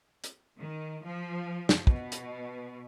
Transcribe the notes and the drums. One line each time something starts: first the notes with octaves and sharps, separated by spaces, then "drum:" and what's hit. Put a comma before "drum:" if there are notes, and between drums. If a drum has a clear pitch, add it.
drum: hi-hat
D#3
F3
drum: snare
B2, drum: kick
drum: hi-hat